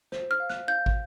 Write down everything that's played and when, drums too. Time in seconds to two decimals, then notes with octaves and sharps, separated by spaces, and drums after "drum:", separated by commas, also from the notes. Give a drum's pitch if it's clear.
0.12 C5, drum: snare
0.31 F6
0.40 F5
0.50 F#6, drum: snare
0.68 F5 G6
0.86 drum: kick